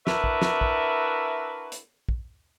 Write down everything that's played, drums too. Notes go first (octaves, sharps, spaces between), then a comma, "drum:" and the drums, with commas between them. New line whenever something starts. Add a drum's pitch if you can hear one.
D4 E4 F#4 A#4 B4 E5, drum: snare
drum: kick
drum: snare
drum: kick
drum: hi-hat
drum: kick